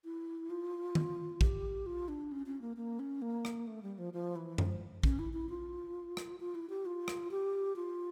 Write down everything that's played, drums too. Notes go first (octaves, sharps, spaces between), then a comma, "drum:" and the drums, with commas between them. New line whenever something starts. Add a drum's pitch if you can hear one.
E4
F4
drum: tom D#3
G4, drum: kick A#1
F4
D4
C#4
C#4
A#3
A#3
C#4
A#3
drum: rim click
A3
G3
F3
F3
E3
F3, drum: tom F#2
C#4, drum: kick A#1
E4
E4
F4
drum: rim click
F4
E4
G4
F4
drum: rim click
G4
F4